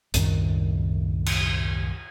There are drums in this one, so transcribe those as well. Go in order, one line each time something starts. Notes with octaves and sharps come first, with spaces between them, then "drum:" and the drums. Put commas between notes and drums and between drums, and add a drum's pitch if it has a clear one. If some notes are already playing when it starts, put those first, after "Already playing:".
C2 F#2 A2 D#3, drum: hi-hat
drum: cymbal